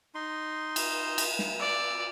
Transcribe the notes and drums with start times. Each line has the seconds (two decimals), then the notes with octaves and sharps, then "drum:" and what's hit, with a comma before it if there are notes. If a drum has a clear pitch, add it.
0.15 D#4 C6
0.76 drum: cymbal
1.18 drum: cymbal
1.39 drum: snare
1.60 D5 E6